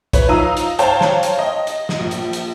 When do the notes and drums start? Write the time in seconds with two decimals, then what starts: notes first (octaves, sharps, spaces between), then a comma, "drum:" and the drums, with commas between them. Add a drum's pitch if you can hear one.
0.13 B4 C#5, drum: kick, hi-hat
0.29 F3 D#4 F5 A#5 E6 D#7
0.57 drum: hi-hat
0.79 C5 C#5 F5 G5 A5 A#5, drum: hi-hat
1.01 drum: snare
1.23 drum: hi-hat
1.39 D#5
1.67 drum: hi-hat
1.89 drum: snare
2.00 A#1
2.11 drum: hi-hat
2.33 drum: hi-hat